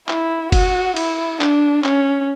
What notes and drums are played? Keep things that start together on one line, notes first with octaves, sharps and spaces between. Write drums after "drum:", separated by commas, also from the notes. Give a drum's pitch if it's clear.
E4, drum: clap
F#4, drum: kick F#1, cymbal
E4, drum: cymbal
D4, drum: clap
C#4, drum: clap